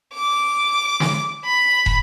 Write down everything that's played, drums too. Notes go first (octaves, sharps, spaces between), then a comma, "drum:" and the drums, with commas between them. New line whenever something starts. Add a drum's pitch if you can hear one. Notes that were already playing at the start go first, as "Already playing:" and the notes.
D6
drum: snare
B5
drum: kick